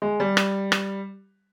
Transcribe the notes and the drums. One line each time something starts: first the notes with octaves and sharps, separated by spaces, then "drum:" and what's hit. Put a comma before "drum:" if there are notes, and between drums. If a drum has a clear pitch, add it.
G#3
G3
drum: rim click
drum: rim click